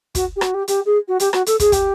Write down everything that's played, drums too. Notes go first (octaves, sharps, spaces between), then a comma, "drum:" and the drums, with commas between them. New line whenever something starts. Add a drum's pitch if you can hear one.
F#4, drum: kick, hi-hat
G4
F#4, drum: rim click
G4
G4, drum: hi-hat
G#4
F#4
G4, drum: hi-hat
F#4, drum: rim click
A4, drum: hi-hat
G#4, drum: kick, hi-hat
G4, drum: kick, hi-hat